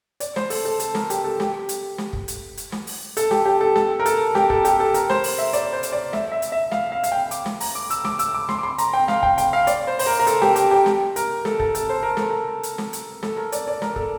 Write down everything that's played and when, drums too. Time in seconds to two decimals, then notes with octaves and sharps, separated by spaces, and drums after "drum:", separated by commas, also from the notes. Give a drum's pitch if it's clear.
0.20 D5, drum: hi-hat
0.36 C5, drum: snare
0.50 A4, drum: open hi-hat
0.65 A4
0.80 A4, drum: hi-hat
0.95 A#4, drum: snare
1.10 G4, drum: hi-hat
1.24 A4
1.40 G4, drum: snare
1.69 drum: hi-hat
1.98 drum: snare
2.13 drum: kick
2.28 drum: hi-hat
2.57 drum: hi-hat
2.72 drum: snare
2.87 drum: open hi-hat
3.17 A4, drum: hi-hat
3.31 G4, drum: snare
3.46 G4
3.61 A4
3.76 A4, drum: snare
4.00 A#4
4.06 A4, drum: hi-hat
4.35 G4, drum: snare
4.50 A4, drum: kick
4.65 G4, drum: hi-hat
4.80 A4
4.94 A#4, drum: hi-hat
5.10 C5, drum: snare
5.24 drum: open hi-hat
5.38 E5
5.53 D5, drum: hi-hat
5.73 C5
5.83 drum: hi-hat
5.92 D5
6.13 E5, drum: snare
6.32 E5
6.42 drum: hi-hat
6.52 E5
6.71 F5, drum: snare
6.92 F5
7.04 F5, drum: hi-hat
7.12 G5
7.31 D6, drum: hi-hat
7.46 drum: snare
7.60 A#5, drum: open hi-hat
7.75 D6
7.90 E6, drum: hi-hat
8.05 D6, drum: snare
8.19 E6, drum: hi-hat
8.34 D6
8.49 C6, drum: snare
8.58 D6
8.63 C6
8.78 A#5, drum: hi-hat
8.94 G5
9.08 F5, drum: snare
9.23 G5, drum: kick
9.38 G5, drum: hi-hat
9.53 F5
9.67 D5, drum: hi-hat
9.87 C5
9.99 C5, drum: open hi-hat
10.06 A#4
10.19 A#4
10.27 A4, drum: hi-hat
10.42 G4, drum: snare
10.56 G4, drum: hi-hat
10.71 G4
10.86 drum: snare
11.16 A#4, drum: hi-hat
11.45 A4, drum: snare
11.60 A4, drum: kick
11.75 A4, drum: hi-hat
11.89 C5
12.03 A#4
12.17 A4, drum: snare
12.30 A#4
12.63 drum: hi-hat
12.78 drum: snare
12.93 drum: hi-hat
13.23 A4, drum: snare
13.37 A#4
13.52 D5, drum: hi-hat
13.68 D5
13.82 A#4, drum: snare
13.96 A4, drum: kick